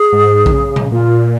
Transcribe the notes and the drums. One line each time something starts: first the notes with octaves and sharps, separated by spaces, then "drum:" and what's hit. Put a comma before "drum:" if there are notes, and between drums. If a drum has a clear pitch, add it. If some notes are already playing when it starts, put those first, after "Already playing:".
Already playing: G#4
G#2
D#3, drum: kick A#1
C#3
drum: tom A#2
A#2 F4